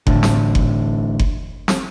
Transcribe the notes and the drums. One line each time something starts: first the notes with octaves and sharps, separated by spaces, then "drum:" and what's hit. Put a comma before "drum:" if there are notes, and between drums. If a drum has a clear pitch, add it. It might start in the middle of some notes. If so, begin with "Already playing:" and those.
A1 A2 D3, drum: kick F#1
drum: snare
drum: kick F#1
drum: kick F#1
drum: snare